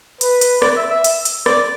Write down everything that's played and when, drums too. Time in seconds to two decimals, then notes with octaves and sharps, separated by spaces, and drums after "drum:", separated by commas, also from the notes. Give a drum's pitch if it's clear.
0.21 B4, drum: hi-hat
0.41 drum: hi-hat
0.62 D5, drum: rim click
0.77 E5
0.91 E5
1.04 drum: hi-hat
1.25 drum: hi-hat
1.46 D5, drum: rim click